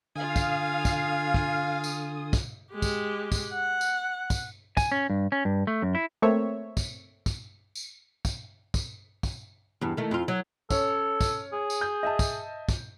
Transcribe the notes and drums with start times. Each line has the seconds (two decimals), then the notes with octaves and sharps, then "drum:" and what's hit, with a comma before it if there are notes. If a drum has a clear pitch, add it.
0.15 D3 F4 F5 G#5 D#6
0.36 drum: kick, tambourine
0.85 drum: kick, tambourine
1.34 drum: kick
1.84 drum: tambourine
2.33 drum: kick, tambourine
2.72 G#3 G4
2.82 drum: kick, tambourine
3.32 drum: kick, tambourine
3.49 F#5
3.81 drum: tambourine
4.30 drum: kick, tambourine
4.77 G#5, drum: kick, tambourine
4.92 C#4
5.10 G2
5.32 C#4
5.45 G2
5.67 A3
5.82 F#2
5.95 E4
6.22 A3 A#3 C4 C#5 E5
6.77 drum: kick, tambourine
7.26 drum: kick, tambourine
7.75 drum: tambourine
8.25 drum: kick, tambourine
8.74 drum: kick, tambourine
9.23 drum: kick, tambourine
9.81 E2 G2
9.97 D#3 A3
10.11 F2 F4
10.28 F#3
10.70 C#4 A4 C#5, drum: kick, tambourine
11.21 drum: kick, tambourine
11.53 G#4
11.70 drum: tambourine
11.81 G6
12.03 D#5 E5 A5
12.19 drum: kick, tambourine
12.69 drum: kick, tambourine